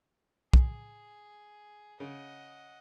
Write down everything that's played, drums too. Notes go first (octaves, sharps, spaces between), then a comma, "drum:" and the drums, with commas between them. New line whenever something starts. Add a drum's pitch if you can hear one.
G#4, drum: kick
C#3 D#5 F#5